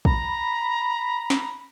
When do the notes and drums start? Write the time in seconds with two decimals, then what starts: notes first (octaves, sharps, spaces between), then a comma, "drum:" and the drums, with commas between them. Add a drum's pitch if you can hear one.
0.05 A#5 B5, drum: kick
1.30 drum: snare